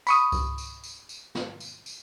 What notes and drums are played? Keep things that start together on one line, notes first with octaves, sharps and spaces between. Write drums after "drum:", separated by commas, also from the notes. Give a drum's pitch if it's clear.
B5 C#6 D#6, drum: tambourine
drum: kick C#2, tambourine
drum: tambourine
drum: tambourine
drum: tambourine
drum: snare
drum: tambourine
drum: tambourine